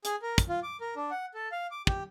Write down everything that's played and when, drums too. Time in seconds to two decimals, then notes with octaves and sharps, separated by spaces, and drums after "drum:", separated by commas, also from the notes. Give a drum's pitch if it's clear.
0.05 G#4, drum: hi-hat
0.22 A#4
0.38 drum: kick, hi-hat
0.49 F4
0.63 D6
0.81 A#4
0.96 D4
1.11 F#5
1.34 A4
1.52 F5
1.71 D6
1.87 G4, drum: kick